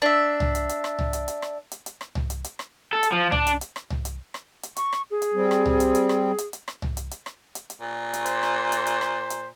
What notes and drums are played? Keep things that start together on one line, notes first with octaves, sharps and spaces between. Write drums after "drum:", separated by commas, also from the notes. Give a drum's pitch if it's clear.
D4 E5
drum: tom C2
drum: hi-hat
drum: hi-hat
drum: rim click
drum: tom C2
drum: hi-hat
drum: hi-hat
drum: rim click
drum: hi-hat
drum: hi-hat
drum: rim click
drum: tom C2
drum: hi-hat
drum: hi-hat
drum: rim click
A4
drum: hi-hat
F3
D4, drum: tom C2
drum: hi-hat
drum: hi-hat
drum: rim click
drum: tom C2
drum: hi-hat
drum: rim click
drum: hi-hat
C#6, drum: hi-hat
drum: rim click
G#4
drum: hi-hat
G3 C4
drum: rim click
drum: tom C2
drum: hi-hat
drum: hi-hat
drum: rim click
drum: hi-hat
drum: hi-hat
drum: rim click
drum: tom C2
drum: hi-hat
drum: hi-hat
drum: rim click
drum: hi-hat
drum: hi-hat
A#2
drum: hi-hat
C5, drum: hi-hat
drum: rim click
drum: hi-hat
drum: hi-hat
drum: rim click
drum: hi-hat